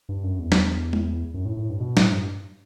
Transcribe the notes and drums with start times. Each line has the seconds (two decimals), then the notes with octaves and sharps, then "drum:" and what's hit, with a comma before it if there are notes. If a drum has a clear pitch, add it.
0.09 G2
0.24 F#2
0.39 E2
0.52 drum: snare
0.93 drum: tom G#3
1.34 F#2
1.45 A2
1.57 A2
1.69 G2
1.80 B2
1.97 A2, drum: snare
2.12 G2